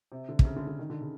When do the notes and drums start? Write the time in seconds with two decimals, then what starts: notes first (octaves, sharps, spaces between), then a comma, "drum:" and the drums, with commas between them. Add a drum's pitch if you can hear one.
0.12 C3
0.29 D3
0.39 C3, drum: kick
0.45 C#3
0.56 D3
0.67 D3
0.79 D#3
0.90 D3
1.01 C#3